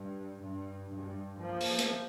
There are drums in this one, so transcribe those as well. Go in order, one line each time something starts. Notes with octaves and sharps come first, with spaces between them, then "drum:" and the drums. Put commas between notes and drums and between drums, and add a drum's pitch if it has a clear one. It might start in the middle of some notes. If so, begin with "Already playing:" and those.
Already playing: G2
G2
G2
F3 A#3
drum: open hi-hat
drum: hi-hat